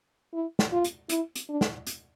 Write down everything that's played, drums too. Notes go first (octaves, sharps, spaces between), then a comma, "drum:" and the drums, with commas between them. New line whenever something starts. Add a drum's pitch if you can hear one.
E4
drum: snare
F4
drum: hi-hat
E4, drum: hi-hat
drum: hi-hat
D4
drum: snare
drum: hi-hat